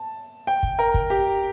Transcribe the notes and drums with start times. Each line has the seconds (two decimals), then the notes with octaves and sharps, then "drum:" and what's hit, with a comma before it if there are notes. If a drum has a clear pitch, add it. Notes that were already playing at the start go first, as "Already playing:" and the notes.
Already playing: A5
0.47 G5
0.63 drum: kick
0.79 A#4
0.94 drum: kick
1.10 G4